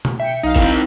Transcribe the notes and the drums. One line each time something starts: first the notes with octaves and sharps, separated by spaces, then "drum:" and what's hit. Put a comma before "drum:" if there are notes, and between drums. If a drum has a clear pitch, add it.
drum: tom B2
E5 G5 C#7
B1 D#4 F5
D#3 C4 E4 A#5, drum: kick